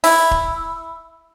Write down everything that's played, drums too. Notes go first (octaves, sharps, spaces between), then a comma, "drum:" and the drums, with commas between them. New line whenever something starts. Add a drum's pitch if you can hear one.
E4, drum: open hi-hat
drum: kick C#1